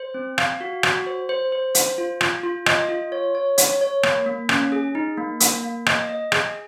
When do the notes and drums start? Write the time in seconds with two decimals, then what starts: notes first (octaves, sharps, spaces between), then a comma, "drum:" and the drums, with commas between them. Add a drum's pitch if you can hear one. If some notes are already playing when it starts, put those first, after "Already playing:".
Already playing: C5
0.14 C4
0.38 F5, drum: rim click
0.61 F#4
0.83 F#4, drum: rim click
1.06 C5
1.29 C5
1.52 C5
1.75 C5, drum: hi-hat
1.98 F4
2.21 F4, drum: rim click
2.43 F4
2.66 D#5, drum: rim click
2.89 F4
3.12 C#5
3.35 C#5
3.58 C#5, drum: hi-hat
3.81 C#5
4.03 A#3, drum: rim click
4.26 A#3
4.49 C#4, drum: rim click
4.72 G#4
4.95 D#4
5.18 A#3
5.40 A#3, drum: hi-hat
5.63 A#3
5.86 D#5, drum: rim click
6.09 D#5
6.32 G#4, drum: rim click